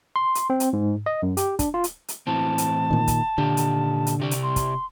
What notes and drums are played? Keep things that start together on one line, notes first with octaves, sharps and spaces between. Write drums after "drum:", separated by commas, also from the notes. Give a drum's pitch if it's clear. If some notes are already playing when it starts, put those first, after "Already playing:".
C6
drum: hi-hat
C4
drum: hi-hat
G#2
D#5
F#2
G4, drum: hi-hat
D4, drum: kick, hi-hat
F4
drum: hi-hat
drum: hi-hat
A2 E3 C4 A5
drum: hi-hat
A#2 D#3
drum: kick, hi-hat
A#2 D3 G4
drum: hi-hat
drum: hi-hat
C3 G4 D5
drum: hi-hat
C6
drum: kick, hi-hat